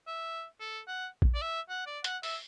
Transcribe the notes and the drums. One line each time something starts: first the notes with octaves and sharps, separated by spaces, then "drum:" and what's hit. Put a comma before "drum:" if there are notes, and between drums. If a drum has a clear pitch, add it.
E5
A4
F#5
drum: kick
D5
E5
F#5
D5
F#5, drum: hi-hat
E5, drum: open hi-hat